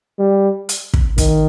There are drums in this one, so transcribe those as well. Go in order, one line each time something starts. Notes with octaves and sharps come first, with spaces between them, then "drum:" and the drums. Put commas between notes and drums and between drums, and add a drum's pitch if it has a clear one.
G3
drum: hi-hat
drum: kick
D#3, drum: kick, hi-hat